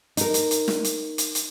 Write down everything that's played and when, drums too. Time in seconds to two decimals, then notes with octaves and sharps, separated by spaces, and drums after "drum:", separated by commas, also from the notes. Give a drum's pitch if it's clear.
0.17 D#4 A#4, drum: hi-hat
0.34 drum: hi-hat
0.51 drum: hi-hat
0.68 drum: snare
0.84 drum: hi-hat
1.18 drum: hi-hat
1.35 drum: hi-hat